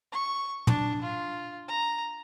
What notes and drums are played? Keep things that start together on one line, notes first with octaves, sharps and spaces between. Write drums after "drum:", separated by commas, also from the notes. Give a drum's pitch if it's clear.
C#6
D4, drum: tom
F4
A#5